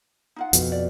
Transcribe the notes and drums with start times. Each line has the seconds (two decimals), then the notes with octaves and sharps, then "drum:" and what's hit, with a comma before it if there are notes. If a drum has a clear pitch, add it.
0.36 D#4 F4 F#5
0.53 F2 B2, drum: hi-hat
0.72 D5